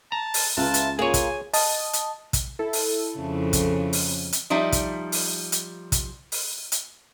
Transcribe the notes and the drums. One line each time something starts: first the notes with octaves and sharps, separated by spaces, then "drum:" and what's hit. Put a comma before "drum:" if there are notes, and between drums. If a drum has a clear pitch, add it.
A5 A#5
drum: open hi-hat
C#2 E4 F4 B4 A5
drum: hi-hat
A#3 F4 G#4 C#5 G#5
drum: kick, hi-hat
D#5 A5 D#6, drum: open hi-hat
drum: hi-hat
drum: kick, hi-hat
E4 A4
drum: open hi-hat
F2 C#3
drum: kick, hi-hat
drum: open hi-hat
drum: hi-hat
F3 G3 D#4 D5 E5
drum: kick, hi-hat
drum: open hi-hat
drum: hi-hat
drum: kick, hi-hat
drum: open hi-hat
drum: hi-hat